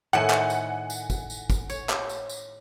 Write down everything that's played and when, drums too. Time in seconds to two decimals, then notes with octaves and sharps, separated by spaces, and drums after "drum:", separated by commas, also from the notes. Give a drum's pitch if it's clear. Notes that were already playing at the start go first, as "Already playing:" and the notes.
0.13 A2 D#3 A3 F#5 G#5
0.30 drum: clap
0.50 drum: tambourine
0.90 drum: tambourine
1.10 drum: kick, tambourine
1.30 drum: tambourine
1.50 drum: kick, tambourine
1.70 C#5, drum: tambourine
1.89 drum: clap
2.09 drum: tambourine
2.29 drum: tambourine